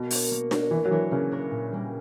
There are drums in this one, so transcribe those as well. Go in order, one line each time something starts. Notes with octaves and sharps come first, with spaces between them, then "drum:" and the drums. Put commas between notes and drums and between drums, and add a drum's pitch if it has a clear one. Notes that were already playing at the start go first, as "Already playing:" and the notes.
Already playing: B2 A#3
D4 A#4 C#5, drum: open hi-hat
A#3
D4 A#4 C#5, drum: snare D4
E3 A#3
F#3
E3 D4 A#4 C#5
C#3 A#3
D4 A#4 C#5
A#2
G3 A#3